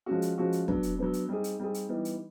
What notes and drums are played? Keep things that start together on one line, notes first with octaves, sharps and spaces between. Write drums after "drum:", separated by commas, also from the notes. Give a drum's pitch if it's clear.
F3 G#3 C#4 F#4
drum: hi-hat
F3 G#3 C#4 F#4
drum: hi-hat
F#3 B3 D4, drum: kick
drum: hi-hat
F#3 B3 D4
drum: hi-hat
G3 C4 D#4 G#4
drum: hi-hat
G3 C4 D#4 G#4
drum: hi-hat
E3 G3 B3 D#4
drum: hi-hat